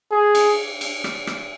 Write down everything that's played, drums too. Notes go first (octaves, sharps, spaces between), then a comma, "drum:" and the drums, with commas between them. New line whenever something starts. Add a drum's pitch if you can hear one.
G#4
drum: cymbal
drum: cymbal
drum: rim click
drum: rim click